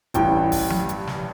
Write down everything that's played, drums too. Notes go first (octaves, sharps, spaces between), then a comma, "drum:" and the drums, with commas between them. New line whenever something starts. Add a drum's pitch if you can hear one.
A1 G2 E3 G5, drum: kick, hi-hat
drum: kick, open hi-hat
drum: tom F3
drum: hi-hat
drum: snare